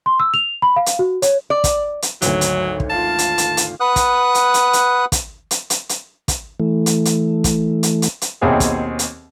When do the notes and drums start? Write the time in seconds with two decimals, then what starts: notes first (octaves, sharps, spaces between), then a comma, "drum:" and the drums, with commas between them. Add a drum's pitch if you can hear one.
0.06 C6
0.20 E6
0.34 F7
0.62 B5
0.76 F5
0.86 drum: hi-hat
0.99 F#4
1.22 C#5, drum: hi-hat
1.50 D5
1.64 drum: kick, hi-hat
2.02 drum: hi-hat
2.22 G#1 D2 F#3 C#5, drum: hi-hat
2.41 drum: hi-hat
2.80 drum: kick
2.90 F4 F5 A5
3.18 drum: hi-hat
3.38 drum: hi-hat
3.57 drum: hi-hat
3.80 B4 F#5 D#6 F#6
3.96 drum: kick, hi-hat
4.35 drum: hi-hat
4.54 drum: hi-hat
4.73 drum: hi-hat
5.12 drum: kick, hi-hat
5.51 drum: hi-hat
5.70 drum: hi-hat
5.89 drum: hi-hat
6.28 drum: kick, hi-hat
6.60 E3 A3
6.86 drum: hi-hat
7.05 drum: hi-hat
7.44 drum: kick, hi-hat
7.83 drum: hi-hat
8.02 drum: hi-hat
8.21 drum: hi-hat
8.41 D#2 B2 C4 G#4 C#5 E5
8.60 drum: kick, hi-hat
8.99 drum: hi-hat